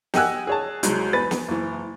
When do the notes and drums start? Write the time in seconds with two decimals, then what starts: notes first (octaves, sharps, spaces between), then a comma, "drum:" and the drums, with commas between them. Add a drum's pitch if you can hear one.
0.14 G4 D#5 F#5 G#5 E6 F#6, drum: snare
0.47 G#4 C#5 A5
0.83 C2 F#3 G#3, drum: hi-hat
1.13 E2 B4 A6
1.31 drum: snare
1.48 F#1 E3